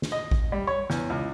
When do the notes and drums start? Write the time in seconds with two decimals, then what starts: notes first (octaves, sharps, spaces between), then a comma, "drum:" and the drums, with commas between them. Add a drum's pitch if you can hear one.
0.02 drum: snare
0.12 D#5
0.31 drum: kick A1
0.52 G3
0.67 C#5
0.90 E2, drum: snare
1.10 C#2